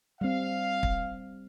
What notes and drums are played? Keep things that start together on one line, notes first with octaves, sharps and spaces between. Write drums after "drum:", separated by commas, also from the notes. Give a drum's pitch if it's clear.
G3 C4 F5
drum: kick